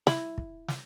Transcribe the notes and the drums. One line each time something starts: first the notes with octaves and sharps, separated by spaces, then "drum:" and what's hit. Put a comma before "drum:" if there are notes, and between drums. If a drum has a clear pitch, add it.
E4, drum: snare
drum: kick
drum: snare